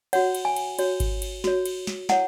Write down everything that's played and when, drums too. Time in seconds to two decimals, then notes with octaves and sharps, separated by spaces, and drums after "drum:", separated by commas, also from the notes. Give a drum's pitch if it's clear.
0.13 F#4 C#5 F#5, drum: cymbal
0.35 drum: cymbal
0.45 G#5
0.56 drum: cymbal
0.79 F#4 C#5, drum: cymbal
1.00 drum: kick G#1, cymbal
1.22 drum: cymbal
1.44 F#4 C#5, drum: snare
1.66 drum: cymbal
1.87 drum: snare
2.09 E4 C#5 F#5, drum: snare